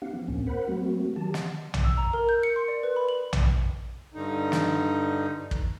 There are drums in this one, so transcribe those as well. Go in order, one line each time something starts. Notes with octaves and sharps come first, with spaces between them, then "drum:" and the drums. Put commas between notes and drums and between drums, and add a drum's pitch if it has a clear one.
B3 C#4 D#4 G4 F5 F#5
F3 B3
D2 A2 A#3 C4 C#4
A#4 C5 F#5 B5
F#3 A3 A#3 C4 F#4
D#3 F#3 G4 A5
drum: snare
drum: tom A#1
E6
A#5
A#4
G6
C#7
C6
D5
B4
B5
F#7
drum: tom A#1
G2 D3 D#4
drum: snare
drum: kick